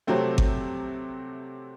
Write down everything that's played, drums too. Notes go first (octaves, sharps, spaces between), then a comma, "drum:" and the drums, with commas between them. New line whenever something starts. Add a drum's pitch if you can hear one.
C3 F#3 A3 C4
drum: kick G#1